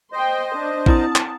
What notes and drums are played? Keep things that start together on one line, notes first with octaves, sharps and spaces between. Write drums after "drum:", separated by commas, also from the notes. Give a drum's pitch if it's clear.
C5 D#5 G5 C6
D4
C4 E4 A5 D#6, drum: kick A1
drum: clap